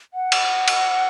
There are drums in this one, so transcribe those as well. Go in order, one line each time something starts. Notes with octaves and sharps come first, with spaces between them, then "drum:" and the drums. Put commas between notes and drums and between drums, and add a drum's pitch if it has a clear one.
F#5
drum: cymbal
drum: cymbal